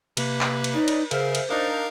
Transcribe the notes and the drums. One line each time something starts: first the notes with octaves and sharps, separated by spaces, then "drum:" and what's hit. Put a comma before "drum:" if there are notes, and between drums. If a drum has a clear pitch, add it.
C3 A#3 B4, drum: cymbal
drum: clap
drum: cymbal
C#4 D#4 D5 D#5
drum: cymbal
C#3 G#4 A#4 C5 E5 F5, drum: cymbal
drum: cymbal
D4 D#4 A#4 F5 A#5